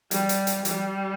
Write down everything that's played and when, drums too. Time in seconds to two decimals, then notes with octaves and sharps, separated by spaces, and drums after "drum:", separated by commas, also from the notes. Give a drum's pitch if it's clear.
0.11 G3, drum: hi-hat
0.29 drum: hi-hat
0.47 drum: hi-hat
0.65 G3, drum: hi-hat